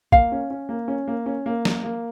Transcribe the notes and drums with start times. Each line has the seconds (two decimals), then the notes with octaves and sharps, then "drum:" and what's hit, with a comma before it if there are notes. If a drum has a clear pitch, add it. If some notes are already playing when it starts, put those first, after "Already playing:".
0.12 A#3 F5, drum: kick
0.32 C#4
0.50 C#4
0.69 A#3
0.88 C#4
1.08 A#3
1.26 C#4
1.46 A#3
1.65 A#3, drum: snare
1.83 A#3